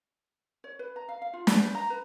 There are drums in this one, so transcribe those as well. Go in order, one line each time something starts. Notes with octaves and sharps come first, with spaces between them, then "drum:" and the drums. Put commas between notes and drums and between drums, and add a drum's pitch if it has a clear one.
C#5
B4
A#5
F5
F5
F4
B4, drum: snare
G4
A#5
B4